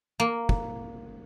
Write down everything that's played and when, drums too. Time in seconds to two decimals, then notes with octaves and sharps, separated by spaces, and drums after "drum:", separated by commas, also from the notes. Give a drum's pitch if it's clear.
0.20 A#3
0.49 drum: kick